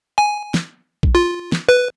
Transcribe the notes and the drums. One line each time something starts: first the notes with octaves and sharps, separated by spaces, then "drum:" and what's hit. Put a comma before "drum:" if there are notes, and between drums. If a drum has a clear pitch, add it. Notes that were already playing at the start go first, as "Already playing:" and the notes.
G#5
drum: snare
drum: kick A#1
F4
drum: snare
B4